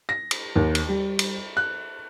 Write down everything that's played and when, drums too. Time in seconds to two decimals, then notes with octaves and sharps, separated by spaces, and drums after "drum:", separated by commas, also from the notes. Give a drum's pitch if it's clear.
0.09 A#6
0.31 drum: cymbal
0.56 D#2
0.75 drum: cymbal
0.89 G3
1.19 drum: cymbal
1.57 F#6